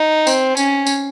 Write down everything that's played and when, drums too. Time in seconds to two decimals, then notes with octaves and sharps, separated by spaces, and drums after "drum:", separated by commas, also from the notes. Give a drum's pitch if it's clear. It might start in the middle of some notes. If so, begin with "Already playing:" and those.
Already playing: D#4
0.27 C4, drum: tambourine
0.57 C#4, drum: tambourine
0.87 drum: tambourine